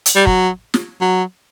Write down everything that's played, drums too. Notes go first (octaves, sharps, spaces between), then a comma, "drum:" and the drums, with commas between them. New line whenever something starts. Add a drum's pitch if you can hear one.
drum: hi-hat
G3
F#3, drum: kick
drum: snare
F#3